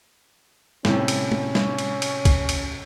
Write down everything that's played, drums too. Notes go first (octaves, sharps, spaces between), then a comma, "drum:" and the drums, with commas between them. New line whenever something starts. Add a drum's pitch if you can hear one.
A2 C3 C#4, drum: snare
drum: cymbal
drum: tom
drum: snare
drum: cymbal
drum: cymbal
drum: kick, cymbal
drum: cymbal